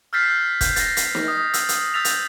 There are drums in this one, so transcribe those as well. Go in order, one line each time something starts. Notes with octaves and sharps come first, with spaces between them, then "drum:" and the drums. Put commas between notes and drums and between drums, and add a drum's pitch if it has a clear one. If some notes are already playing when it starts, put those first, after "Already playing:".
E6 F6 G6 A6 B6 C7
G6, drum: kick, hi-hat
A6 A#6, drum: hi-hat
drum: hi-hat
drum: snare
D#6
E6, drum: hi-hat
drum: hi-hat
E6 G6 A6 B6 F7
drum: hi-hat